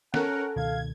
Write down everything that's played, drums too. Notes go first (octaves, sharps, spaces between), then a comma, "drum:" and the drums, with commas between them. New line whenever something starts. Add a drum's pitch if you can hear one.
C#4 A4 A#4 F#5, drum: snare
C#2 B2 D#3 F5 G#6